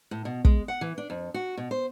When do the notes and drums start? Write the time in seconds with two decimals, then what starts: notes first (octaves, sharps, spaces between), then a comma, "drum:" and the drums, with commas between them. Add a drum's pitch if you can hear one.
0.11 A2
0.25 B2
0.45 G#3, drum: kick
0.68 F#5
0.81 E3
0.98 D4
1.10 F2
1.34 F#4
1.57 B2
1.71 C5